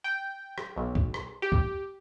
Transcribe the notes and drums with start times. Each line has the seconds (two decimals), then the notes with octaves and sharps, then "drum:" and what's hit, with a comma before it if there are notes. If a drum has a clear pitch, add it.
0.04 G5
0.58 drum: rim click
0.76 B1
0.95 drum: kick
1.14 drum: rim click
1.42 G4
1.52 drum: kick